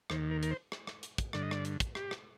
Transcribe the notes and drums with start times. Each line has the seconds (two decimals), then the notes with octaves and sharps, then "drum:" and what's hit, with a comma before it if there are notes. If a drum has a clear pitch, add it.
0.10 D#2 D#3 C5, drum: rim click
0.31 A#4
0.43 A#4, drum: hi-hat
0.51 C5
0.72 drum: rim click
0.87 drum: rim click
1.03 drum: hi-hat
1.18 drum: kick, hi-hat
1.33 G2 D3 D5, drum: rim click
1.43 D#5
1.51 D5, drum: rim click
1.65 drum: hi-hat
1.80 drum: kick, hi-hat
1.95 G4, drum: rim click
2.11 drum: rim click